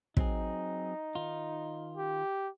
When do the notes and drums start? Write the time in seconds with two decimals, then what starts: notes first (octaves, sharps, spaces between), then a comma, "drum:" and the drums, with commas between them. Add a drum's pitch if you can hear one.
0.17 F#3 C4 D#4 G#4, drum: kick
1.15 D#3 F4
1.97 G4